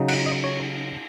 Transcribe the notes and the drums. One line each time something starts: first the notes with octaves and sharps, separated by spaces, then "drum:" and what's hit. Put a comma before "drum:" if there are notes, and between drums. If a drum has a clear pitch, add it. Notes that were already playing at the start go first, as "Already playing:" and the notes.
Already playing: C#3 F#3 D#4
F#5, drum: cymbal
D#5
C#5